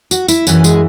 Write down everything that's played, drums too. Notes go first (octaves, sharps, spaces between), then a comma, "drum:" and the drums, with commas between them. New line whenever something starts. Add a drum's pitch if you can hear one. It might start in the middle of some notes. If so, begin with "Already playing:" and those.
F#4, drum: tambourine
E4, drum: tambourine
F#2 E3 C#4, drum: tambourine
G#3, drum: tambourine